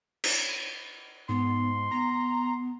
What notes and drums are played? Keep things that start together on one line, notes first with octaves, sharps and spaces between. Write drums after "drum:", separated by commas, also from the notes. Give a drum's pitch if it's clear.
drum: cymbal
G#2 B3 C6
B3 A#5